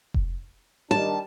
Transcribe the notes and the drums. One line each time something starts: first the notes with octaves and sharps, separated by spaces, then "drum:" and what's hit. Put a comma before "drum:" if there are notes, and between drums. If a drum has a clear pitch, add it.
drum: kick F1
D#3 G3 D4 A5, drum: tom D4